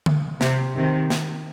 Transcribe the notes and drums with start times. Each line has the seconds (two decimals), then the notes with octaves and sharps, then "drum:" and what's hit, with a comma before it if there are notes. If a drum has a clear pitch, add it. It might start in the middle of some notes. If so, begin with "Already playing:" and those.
0.06 drum: tom D3
0.41 C3, drum: snare
0.75 C3 D#3
1.10 drum: snare